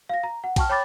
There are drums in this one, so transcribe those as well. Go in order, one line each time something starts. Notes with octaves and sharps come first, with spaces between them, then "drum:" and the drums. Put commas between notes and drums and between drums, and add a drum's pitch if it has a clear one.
F5 A#6
A#5
F#5
G5 A5 C#6 F6, drum: kick A#1, cymbal
C#5 G5 B5 D6 A6